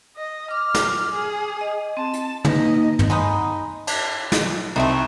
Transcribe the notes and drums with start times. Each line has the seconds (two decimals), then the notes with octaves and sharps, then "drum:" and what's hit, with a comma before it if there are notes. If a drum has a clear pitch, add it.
0.17 D#5
0.51 D6 F6
0.74 drum: snare
1.13 G#4
1.61 D#5
1.97 C4 A5
2.13 drum: hi-hat
2.45 A#3 D#4 B4 D#5, drum: tom
2.99 drum: tom
3.10 G#3 B3 D#4
3.87 D4, drum: cymbal
4.32 drum: snare
4.76 C2 A3 C4 D#4